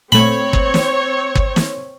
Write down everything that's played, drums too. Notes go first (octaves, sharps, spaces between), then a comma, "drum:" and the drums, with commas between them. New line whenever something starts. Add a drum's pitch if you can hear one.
A#2 A3 C4 C#5 B5
drum: kick
drum: snare
drum: kick
drum: snare